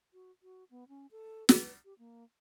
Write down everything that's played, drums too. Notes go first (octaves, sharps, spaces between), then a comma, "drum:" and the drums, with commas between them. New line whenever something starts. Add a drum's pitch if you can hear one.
F#4
F#4
B3
C#4
A4
B4, drum: snare
G4
A#3